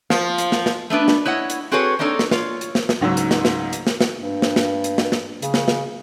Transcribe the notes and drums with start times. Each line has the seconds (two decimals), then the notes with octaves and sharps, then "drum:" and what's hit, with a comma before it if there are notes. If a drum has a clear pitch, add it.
0.10 F3, drum: snare
0.38 drum: hi-hat
0.52 drum: snare
0.66 drum: snare
0.90 A3 B3 D4 B4
1.08 drum: snare
1.25 E4 C#5 D#5 F#5
1.50 drum: hi-hat
1.72 C4 F#4 G#4 A4 B4 C#5
1.99 A#3 C4 D4 D#4 A4 C#5
2.19 drum: snare
2.31 F4 C#5, drum: snare
2.61 drum: hi-hat
2.75 drum: snare
2.89 drum: snare
3.01 C#2 G#2 F#3 E6
3.17 drum: hi-hat
3.31 drum: snare
3.45 drum: snare
3.73 drum: hi-hat
3.87 drum: snare
4.01 drum: snare
4.21 G2
4.42 drum: snare
4.56 drum: snare
4.84 drum: hi-hat
4.98 drum: snare
5.12 drum: snare
5.42 C#3, drum: hi-hat
5.54 drum: snare
5.68 drum: snare